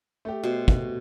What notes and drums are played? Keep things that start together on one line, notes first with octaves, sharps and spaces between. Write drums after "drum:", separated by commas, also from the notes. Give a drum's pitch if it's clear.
A3 G4
B2 C5
drum: kick